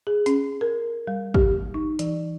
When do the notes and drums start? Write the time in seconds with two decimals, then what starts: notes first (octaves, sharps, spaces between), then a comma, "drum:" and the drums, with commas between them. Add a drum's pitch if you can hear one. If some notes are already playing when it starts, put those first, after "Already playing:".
0.07 G#4
0.26 C#4, drum: hi-hat
0.61 A#4
1.07 G3
1.34 G4, drum: kick
1.74 D#4
1.99 E3, drum: hi-hat